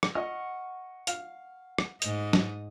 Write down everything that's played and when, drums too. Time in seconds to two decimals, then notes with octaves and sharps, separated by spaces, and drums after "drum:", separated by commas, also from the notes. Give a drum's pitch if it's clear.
0.03 drum: rim click
0.15 D#5 F#5 C#6 F6
1.07 F5, drum: hi-hat
1.78 drum: rim click
2.02 G#2 D#5, drum: hi-hat
2.33 drum: snare